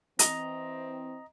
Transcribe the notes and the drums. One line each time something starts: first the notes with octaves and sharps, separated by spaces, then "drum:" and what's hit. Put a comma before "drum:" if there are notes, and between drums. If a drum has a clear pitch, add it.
E3 C4 D#5 A#5, drum: hi-hat